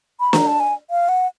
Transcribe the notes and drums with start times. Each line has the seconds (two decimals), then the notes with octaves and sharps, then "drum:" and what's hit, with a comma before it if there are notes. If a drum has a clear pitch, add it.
0.20 B5
0.33 A#5, drum: snare
0.47 A5
0.60 G#5
0.90 F5
1.09 F#5